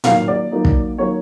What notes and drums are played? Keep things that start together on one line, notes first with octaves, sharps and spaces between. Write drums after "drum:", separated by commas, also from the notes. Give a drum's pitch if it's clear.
F#3 A#3 D#4 F5, drum: tom A2
D5
F#3 A#3 D#4
drum: kick
F#3 A#3 D#4 C#5